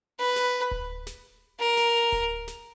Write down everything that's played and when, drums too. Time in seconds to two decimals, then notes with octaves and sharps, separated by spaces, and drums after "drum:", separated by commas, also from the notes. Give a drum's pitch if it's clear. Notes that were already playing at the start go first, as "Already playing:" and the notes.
0.19 B4
0.36 drum: snare
0.71 drum: kick D1
1.07 drum: snare
1.59 A#4
1.77 drum: snare
2.12 drum: kick D1
2.48 drum: snare